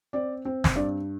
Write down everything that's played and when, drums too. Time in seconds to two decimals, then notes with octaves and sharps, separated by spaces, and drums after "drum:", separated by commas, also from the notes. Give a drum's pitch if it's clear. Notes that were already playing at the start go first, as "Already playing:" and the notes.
0.13 C4 D5
0.45 C4
0.64 drum: snare
0.76 G2 D5